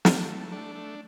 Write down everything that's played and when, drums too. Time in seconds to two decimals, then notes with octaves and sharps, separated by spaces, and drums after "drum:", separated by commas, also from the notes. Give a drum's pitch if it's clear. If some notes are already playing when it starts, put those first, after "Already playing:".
0.05 A3, drum: snare
0.28 A3
0.52 D4
0.75 A3